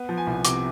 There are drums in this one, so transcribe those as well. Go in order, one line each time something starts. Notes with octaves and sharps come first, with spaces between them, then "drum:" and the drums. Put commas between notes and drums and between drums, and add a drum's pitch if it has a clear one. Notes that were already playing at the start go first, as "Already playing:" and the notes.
Already playing: B3
F3
G#5
C2
C3 D6, drum: hi-hat